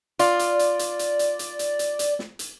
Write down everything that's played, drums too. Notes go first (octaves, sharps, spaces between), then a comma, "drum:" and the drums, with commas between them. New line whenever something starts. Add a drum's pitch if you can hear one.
F4 D5, drum: hi-hat
drum: hi-hat
drum: hi-hat
drum: hi-hat
drum: hi-hat
drum: hi-hat
drum: hi-hat
drum: hi-hat
drum: hi-hat
drum: hi-hat
drum: snare
drum: hi-hat